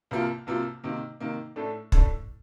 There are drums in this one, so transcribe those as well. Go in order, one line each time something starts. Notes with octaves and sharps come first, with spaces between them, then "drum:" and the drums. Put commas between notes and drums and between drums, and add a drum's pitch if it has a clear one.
C2 C3 F3 A#3 F4
C2 C3 F3 A#3 F4
C3 D#3 A#3 D#4
C3 D#3 A#3 D#4
A2 A3 D4 A4
A2 A3 D4 A4, drum: kick